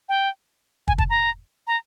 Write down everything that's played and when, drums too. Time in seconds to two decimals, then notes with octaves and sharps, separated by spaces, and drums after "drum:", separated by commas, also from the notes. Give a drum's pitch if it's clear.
0.09 G5
0.88 G#5, drum: kick
0.98 A5, drum: kick
1.10 A#5
1.67 A#5